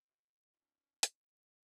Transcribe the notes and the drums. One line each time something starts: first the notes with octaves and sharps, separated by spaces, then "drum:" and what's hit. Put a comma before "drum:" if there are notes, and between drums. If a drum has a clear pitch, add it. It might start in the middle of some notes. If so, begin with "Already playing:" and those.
Already playing: C4
E4 F#4
C#4 D#4 F4
drum: hi-hat